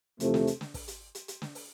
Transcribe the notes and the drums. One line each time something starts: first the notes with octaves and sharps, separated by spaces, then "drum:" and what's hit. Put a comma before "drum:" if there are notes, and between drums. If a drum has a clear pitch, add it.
E2 C3 F3 A3, drum: hi-hat
drum: snare
drum: hi-hat
drum: snare
drum: kick, open hi-hat
drum: hi-hat
drum: hi-hat
drum: hi-hat
drum: snare
drum: open hi-hat